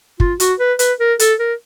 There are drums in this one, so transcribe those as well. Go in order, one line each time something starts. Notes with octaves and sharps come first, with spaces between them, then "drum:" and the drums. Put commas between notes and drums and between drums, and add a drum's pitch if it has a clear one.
F4, drum: kick
F#4, drum: hi-hat
B4
B4, drum: hi-hat
A#4
A4, drum: hi-hat
A#4